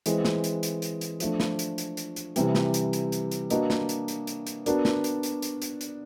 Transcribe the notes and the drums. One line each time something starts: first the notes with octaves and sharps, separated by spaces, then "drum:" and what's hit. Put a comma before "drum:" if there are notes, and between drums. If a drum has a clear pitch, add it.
E3 G#3 C4, drum: hi-hat
drum: snare
drum: hi-hat
drum: hi-hat
drum: hi-hat
drum: hi-hat
F3 A3 D4, drum: hi-hat
drum: snare
drum: hi-hat
drum: hi-hat
drum: hi-hat
drum: hi-hat
C3 E3 G3, drum: hi-hat
drum: snare
drum: hi-hat
drum: hi-hat
drum: hi-hat
drum: hi-hat
A#3 D4 F#4 B4 D#5, drum: hi-hat
drum: snare
drum: hi-hat
drum: hi-hat
drum: hi-hat
drum: hi-hat
B3 D4 F#4 A#4 D5, drum: hi-hat
drum: snare
drum: hi-hat
drum: hi-hat
drum: hi-hat
drum: hi-hat
drum: hi-hat